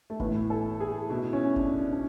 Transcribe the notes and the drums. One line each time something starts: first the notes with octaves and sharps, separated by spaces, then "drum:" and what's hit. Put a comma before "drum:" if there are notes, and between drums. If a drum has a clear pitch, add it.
A3
A2 E3 B3, drum: kick F#1
A4
G#4
B2 E4
C#4
D4, drum: kick F#1
D4
D4